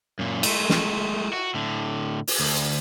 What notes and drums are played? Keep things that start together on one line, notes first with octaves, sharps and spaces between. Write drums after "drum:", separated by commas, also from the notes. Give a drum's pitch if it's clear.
F#2 A#2
G#3 A3, drum: cymbal
drum: snare
F#4
A2 D3
drum: open hi-hat
D2